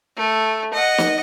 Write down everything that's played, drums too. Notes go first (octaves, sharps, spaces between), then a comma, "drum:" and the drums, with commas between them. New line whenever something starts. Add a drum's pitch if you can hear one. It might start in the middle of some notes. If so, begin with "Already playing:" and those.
A3
D#5 F#5
drum: snare